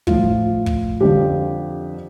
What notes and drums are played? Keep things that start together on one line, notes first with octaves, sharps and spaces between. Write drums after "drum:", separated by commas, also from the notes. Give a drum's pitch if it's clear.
A2 F3 F4, drum: kick
drum: kick
F2 D3 F3 G4